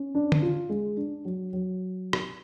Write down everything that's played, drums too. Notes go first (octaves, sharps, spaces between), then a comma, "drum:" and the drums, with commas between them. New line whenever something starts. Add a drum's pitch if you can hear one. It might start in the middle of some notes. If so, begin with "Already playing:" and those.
Already playing: C#4
D4
drum: tom D3
F4
G#3
D4
F#3
F#3
drum: rim click